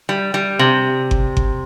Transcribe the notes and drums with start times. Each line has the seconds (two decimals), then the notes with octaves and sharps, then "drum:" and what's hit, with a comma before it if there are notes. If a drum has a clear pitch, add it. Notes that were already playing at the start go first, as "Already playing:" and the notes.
0.09 G3
0.34 G3
0.59 C3
1.11 drum: kick G1
1.37 drum: kick G1